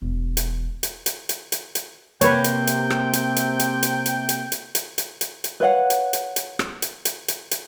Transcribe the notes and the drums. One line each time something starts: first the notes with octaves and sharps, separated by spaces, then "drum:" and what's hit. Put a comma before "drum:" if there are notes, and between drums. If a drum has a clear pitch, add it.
E1
drum: hi-hat
drum: hi-hat
drum: hi-hat
drum: hi-hat
drum: hi-hat
drum: hi-hat
C3 A#3 B4 C#5 G5, drum: hi-hat
drum: hi-hat
drum: hi-hat
drum: rim click
drum: hi-hat
drum: hi-hat
drum: hi-hat
drum: hi-hat
drum: hi-hat
drum: hi-hat
drum: hi-hat
drum: hi-hat
drum: hi-hat
drum: hi-hat
drum: hi-hat
B4 C#5 F5 F#5
drum: hi-hat
drum: hi-hat
drum: hi-hat
drum: rim click
drum: hi-hat
drum: hi-hat
drum: hi-hat
drum: hi-hat